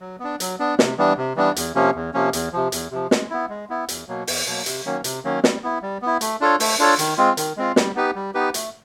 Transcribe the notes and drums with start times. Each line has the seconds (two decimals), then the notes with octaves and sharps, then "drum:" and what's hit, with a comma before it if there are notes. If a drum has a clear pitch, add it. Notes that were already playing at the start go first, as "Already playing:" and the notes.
0.01 F#3
0.20 B3 D4
0.40 F#3, drum: hi-hat
0.59 B3 D4
0.79 C3, drum: snare
0.98 E3 G3 B3 D4
1.18 C3
1.36 E3 G3 B3 D4
1.56 E2, drum: hi-hat
1.75 C3 F3 A#3 C#4
1.95 E2
2.14 C3 F3 A#3 C#4
2.33 E2, drum: hi-hat
2.53 C3 F3
2.72 E2, drum: hi-hat
2.91 C3 F3
3.11 G#3, drum: snare
3.30 B3 E4
3.49 G#3
3.69 B3 E4
3.89 E2, drum: hi-hat
4.08 B2 F#3 A#3
4.27 E2, drum: open hi-hat
4.47 B2 F#3 A#3
4.66 C3, drum: hi-hat
4.85 D#3 F#3 A#3 C#4
5.04 C3, drum: hi-hat
5.24 D#3 F#3 A#3 C#4
5.44 G3, drum: snare
5.63 B3 E4
5.82 G3
6.02 B3 E4
6.21 A3, drum: hi-hat
6.41 D4 F4 A4 C#5
6.60 A3, drum: open hi-hat
6.79 D4 F4 A4 C#5
6.99 D#3, drum: hi-hat
7.18 G#3 C4 F4
7.37 D#3, drum: hi-hat
7.57 G#3 C4 F4
7.76 G3, drum: snare
7.95 B3 D#4 G4 B4
8.15 G3
8.34 B3 D#4 G4 B4
8.54 A3, drum: hi-hat